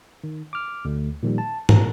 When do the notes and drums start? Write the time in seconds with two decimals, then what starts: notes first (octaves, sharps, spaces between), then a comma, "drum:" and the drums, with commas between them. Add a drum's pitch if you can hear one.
0.24 D#3
0.53 D6 F6
0.85 D2 A3
1.23 A#2 D#3 F3 G3
1.38 A5
1.69 A#2 A#5, drum: tom